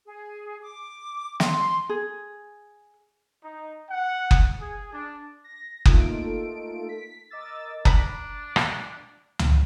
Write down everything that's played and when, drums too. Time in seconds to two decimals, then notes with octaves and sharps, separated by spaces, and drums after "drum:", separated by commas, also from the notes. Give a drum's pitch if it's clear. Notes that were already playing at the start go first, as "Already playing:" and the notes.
0.05 G#4
0.61 D6
1.40 C6, drum: snare
1.89 G#4
3.43 D#4
3.89 F#5
4.31 drum: kick F#1
4.60 G#4
4.92 D4
5.44 A#6
5.85 A3 A#3 D#4 F4 A4 D7, drum: kick F#1
6.89 B6
7.30 A#4 D#5 D6 E6 A6
7.85 D4 A#5 B5, drum: kick F#1
8.56 drum: rim click
9.39 drum: tom